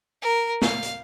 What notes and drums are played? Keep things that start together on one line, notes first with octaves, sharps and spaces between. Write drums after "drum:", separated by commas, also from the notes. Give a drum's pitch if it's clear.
A#4
F5, drum: snare
drum: hi-hat